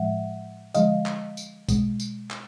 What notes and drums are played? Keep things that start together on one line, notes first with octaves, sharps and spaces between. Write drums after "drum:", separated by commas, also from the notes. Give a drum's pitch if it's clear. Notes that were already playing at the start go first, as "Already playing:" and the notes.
Already playing: A2 F3 G#3 E5 F#5
D3 F3 G#3 D#5 F5, drum: tambourine
drum: clap
drum: tambourine
B2 G#3, drum: kick, tambourine
drum: tambourine
drum: clap